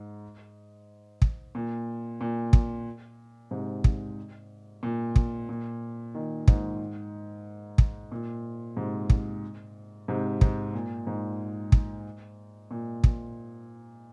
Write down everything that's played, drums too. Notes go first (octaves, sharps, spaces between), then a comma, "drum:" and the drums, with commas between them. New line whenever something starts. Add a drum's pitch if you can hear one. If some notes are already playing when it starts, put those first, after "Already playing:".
Already playing: G#2
drum: kick
A#2
A#2
drum: kick
G#2 C3
drum: kick
A#2
drum: kick
A#2
A#2 D#3
G#2, drum: kick
drum: kick
A#2
G#2 C3
drum: kick
G#2 C3
G#2, drum: kick
A#2
G#2
drum: kick
A#2
drum: kick